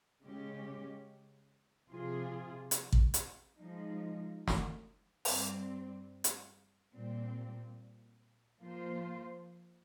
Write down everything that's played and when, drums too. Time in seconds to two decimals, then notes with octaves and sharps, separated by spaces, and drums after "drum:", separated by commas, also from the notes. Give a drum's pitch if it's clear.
0.23 C#3 G#3 C#4 G4
1.90 C3 F3 C4 F4 G#4
2.71 drum: hi-hat
2.92 drum: kick
3.14 drum: hi-hat
3.58 F3 G#3 D#4
4.48 drum: snare
5.25 G2 G3 C4, drum: open hi-hat
6.24 drum: hi-hat
6.92 A#2 G3 C4
8.61 F3 A#3 F4 C5